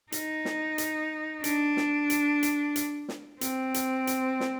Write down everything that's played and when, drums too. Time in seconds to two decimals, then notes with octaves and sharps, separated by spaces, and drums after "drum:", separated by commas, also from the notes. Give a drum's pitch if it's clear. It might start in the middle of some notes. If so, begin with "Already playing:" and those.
0.12 D#4, drum: hi-hat
0.45 drum: snare
0.78 drum: hi-hat
1.44 D4, drum: hi-hat
1.77 drum: snare
2.10 drum: hi-hat
2.43 drum: hi-hat
2.76 drum: hi-hat
3.09 drum: snare
3.41 C4, drum: hi-hat
3.74 drum: hi-hat
4.07 drum: hi-hat
4.40 drum: snare